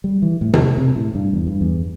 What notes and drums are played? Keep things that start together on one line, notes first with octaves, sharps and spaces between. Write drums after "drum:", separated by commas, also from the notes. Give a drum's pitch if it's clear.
G3
E3
A2
E2, drum: tom C3
C3
A2
G2
E2
G2
E2